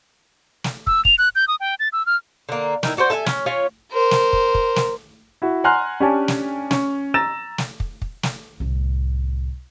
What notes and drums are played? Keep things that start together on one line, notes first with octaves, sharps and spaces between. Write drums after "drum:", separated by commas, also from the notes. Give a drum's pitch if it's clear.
drum: snare
E6, drum: kick
F7, drum: kick
F#6
G6
D#6
G5
A6
E6
F6
D3 A#3
D#3 E4, drum: snare
D4 F#4 A4 C5
A4 E5 F5 G#5
C#4, drum: snare
C#4 F4 C#5
A#4 C5
drum: snare
drum: kick
drum: kick
drum: snare
E4 F#4
F#5 G#5 A#5 C6 F6 F#6
C#4 D4 G4 D5 G#5 A5
drum: snare
C#4, drum: snare
A#5 E6 A6 A#6 E7
drum: snare
drum: kick
drum: kick
drum: snare
C2 A2